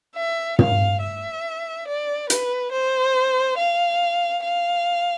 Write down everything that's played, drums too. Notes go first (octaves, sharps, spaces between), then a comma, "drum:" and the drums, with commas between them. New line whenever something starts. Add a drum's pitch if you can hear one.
E5
F5, drum: tom
E5
D5
B4, drum: hi-hat
C5
F5
F5